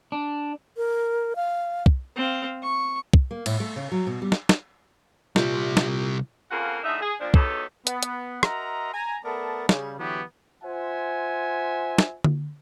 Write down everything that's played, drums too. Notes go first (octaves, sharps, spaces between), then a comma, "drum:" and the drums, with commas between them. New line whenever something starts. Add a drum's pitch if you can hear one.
D4
A#4
F5
drum: kick
C4 F5
C#6
drum: kick
A#3
A2, drum: cymbal
A3
C#3
F#3
B2
G3
drum: snare
drum: snare
C2 A#2 G4, drum: snare
drum: snare
F2 C#3 A#3 F4 G#4 F#5
A2 D3 D#4 G#4 E5
G#4
A#2 F3 D4
E2 B2 D#4 G4 A4 C#5, drum: kick
B3, drum: hi-hat
drum: hi-hat
F#4 A#4 D#5 E5 A#5 C6, drum: rim click
G#5 A#5
A3 B3 A#4 D5 A5
C#3 G3, drum: snare
D3 E3 F#3 B3 F#4 G4
F4 C5 E5 F#5 G#5
drum: snare
drum: tom D3